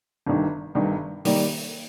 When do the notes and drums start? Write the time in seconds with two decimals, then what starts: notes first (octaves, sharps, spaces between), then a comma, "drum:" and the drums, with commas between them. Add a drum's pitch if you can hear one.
0.26 G1 G2 D#3
0.75 G1 G2 D#3
1.25 D#3 G3 A#3, drum: open hi-hat